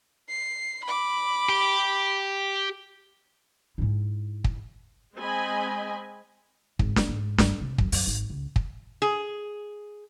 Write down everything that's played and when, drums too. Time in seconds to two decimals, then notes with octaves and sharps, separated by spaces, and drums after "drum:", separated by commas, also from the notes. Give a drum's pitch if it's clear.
0.29 C7
0.84 B5 D6
1.49 G4
3.78 G#2 E4
4.44 drum: kick
5.15 G#3 C4 D#5 G#5 B5
6.79 G#1, drum: kick
6.96 A#3, drum: snare
7.09 G#2
7.38 G2, drum: snare
7.61 C3
7.78 F#2, drum: kick
7.92 F#2, drum: open hi-hat
8.07 G#1
8.30 C#2
8.56 drum: kick
9.02 G#4